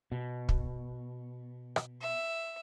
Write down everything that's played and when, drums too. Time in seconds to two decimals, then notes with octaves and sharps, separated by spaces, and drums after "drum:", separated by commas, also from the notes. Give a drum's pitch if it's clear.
0.12 B2
0.49 drum: kick
1.76 drum: rim click
2.02 E5